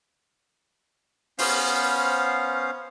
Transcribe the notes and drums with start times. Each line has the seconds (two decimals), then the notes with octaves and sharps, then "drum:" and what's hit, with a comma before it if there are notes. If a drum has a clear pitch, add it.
1.39 B3 C#4 C5 F5, drum: open hi-hat